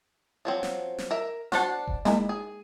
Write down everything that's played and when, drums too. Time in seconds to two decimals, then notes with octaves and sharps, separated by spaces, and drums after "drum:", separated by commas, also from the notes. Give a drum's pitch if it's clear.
0.45 F3 F#3 C4
0.63 drum: snare
0.98 drum: snare
1.11 A#4 E5
1.52 D4 F#4 C5 F#5 A5, drum: snare
1.87 drum: kick F1
2.05 G#3 A#3 D#4 E4, drum: snare
2.29 G#4